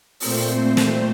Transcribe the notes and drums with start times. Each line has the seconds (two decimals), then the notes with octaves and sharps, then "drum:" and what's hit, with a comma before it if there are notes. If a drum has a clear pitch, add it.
0.20 A#2 A3 C4 C5, drum: open hi-hat
0.77 drum: snare